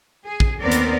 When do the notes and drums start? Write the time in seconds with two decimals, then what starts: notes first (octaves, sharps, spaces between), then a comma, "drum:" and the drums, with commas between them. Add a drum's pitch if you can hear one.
0.25 G#4
0.40 drum: kick
0.61 D#2 B3 C4 A#4 D5
0.72 drum: hi-hat